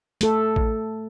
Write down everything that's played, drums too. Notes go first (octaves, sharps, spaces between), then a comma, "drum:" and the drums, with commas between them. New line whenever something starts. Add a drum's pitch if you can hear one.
A3 A4, drum: hi-hat
drum: kick A1